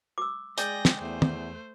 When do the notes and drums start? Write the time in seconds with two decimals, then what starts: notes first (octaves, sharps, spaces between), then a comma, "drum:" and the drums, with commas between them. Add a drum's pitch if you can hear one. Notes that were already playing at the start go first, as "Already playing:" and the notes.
0.18 D6 E6
0.58 G#3 G#4 D5 G5 G6 A#6, drum: hi-hat
0.85 drum: snare
1.00 E2 A3 C5
1.22 drum: tom